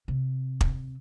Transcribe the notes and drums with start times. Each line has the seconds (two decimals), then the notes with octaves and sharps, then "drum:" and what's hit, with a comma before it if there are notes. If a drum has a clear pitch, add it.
0.08 C3
0.61 drum: kick